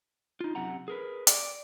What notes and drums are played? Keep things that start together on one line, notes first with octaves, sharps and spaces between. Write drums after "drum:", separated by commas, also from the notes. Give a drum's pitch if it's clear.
D#4 F4
F#2 C3 F#5 A#5
G#4 A#4 B4
D5, drum: hi-hat